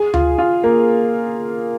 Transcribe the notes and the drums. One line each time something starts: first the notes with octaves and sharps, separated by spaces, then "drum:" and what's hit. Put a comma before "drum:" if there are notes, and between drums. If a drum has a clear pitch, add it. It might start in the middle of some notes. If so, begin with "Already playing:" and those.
Already playing: G#4
F4, drum: tom D2
F4
A#3